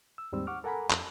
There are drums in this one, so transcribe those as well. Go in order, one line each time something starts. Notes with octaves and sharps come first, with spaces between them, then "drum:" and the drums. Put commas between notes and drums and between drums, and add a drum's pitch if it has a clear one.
E6
D#2 G#2 G3 C4 E6
F#5 C#6 D6 F6
A4 A#4 F#5 G#5 A#5 B5
F2, drum: clap